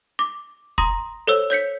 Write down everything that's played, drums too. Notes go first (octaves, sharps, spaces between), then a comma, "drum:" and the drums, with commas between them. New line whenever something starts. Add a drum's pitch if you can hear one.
D6
A#5 C6 D#6 A#6, drum: kick
A4 C5 C#5 E6
C#5 G6 B6 C#7